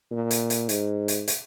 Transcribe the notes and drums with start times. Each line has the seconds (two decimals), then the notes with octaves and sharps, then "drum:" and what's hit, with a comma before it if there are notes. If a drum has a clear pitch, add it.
0.11 A#2
0.31 drum: hi-hat
0.50 drum: hi-hat
0.69 G#2, drum: hi-hat
1.08 drum: hi-hat
1.28 drum: hi-hat